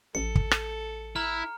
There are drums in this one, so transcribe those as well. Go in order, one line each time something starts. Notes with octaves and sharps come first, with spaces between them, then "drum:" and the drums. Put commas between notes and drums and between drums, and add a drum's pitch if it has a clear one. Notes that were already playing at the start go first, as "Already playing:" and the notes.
A1 A4 C#7
drum: kick
drum: rim click
E4 A#5 F6